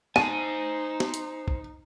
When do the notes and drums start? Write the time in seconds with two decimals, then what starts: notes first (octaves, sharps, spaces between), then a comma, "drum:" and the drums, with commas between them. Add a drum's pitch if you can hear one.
0.16 D#4 C5 G#5 A5 D#7, drum: snare
1.00 drum: snare
1.14 drum: hi-hat
1.48 drum: kick